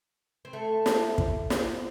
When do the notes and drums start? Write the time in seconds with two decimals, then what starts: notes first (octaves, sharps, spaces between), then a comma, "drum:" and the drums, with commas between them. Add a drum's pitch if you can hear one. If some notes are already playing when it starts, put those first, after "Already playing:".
0.45 C4
0.53 A3
0.86 drum: snare
1.18 drum: kick
1.50 drum: snare